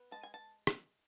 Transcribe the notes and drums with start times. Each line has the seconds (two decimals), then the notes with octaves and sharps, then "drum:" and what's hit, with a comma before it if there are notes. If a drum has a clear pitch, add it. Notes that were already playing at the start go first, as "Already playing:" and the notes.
Already playing: B3
0.11 G#3 A5
0.23 G#5
0.34 A5
0.67 drum: rim click